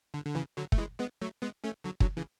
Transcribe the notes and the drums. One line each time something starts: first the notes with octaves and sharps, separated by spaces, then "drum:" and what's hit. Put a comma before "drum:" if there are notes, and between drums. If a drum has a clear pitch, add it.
D3
D3
C#3 E3
D3 F#3
A3, drum: kick
E3 G#3
G#3 B3
F#3 A3
G#3 B3
A3 C#4
D3 F#3
D3 F#3, drum: kick
C#3 E3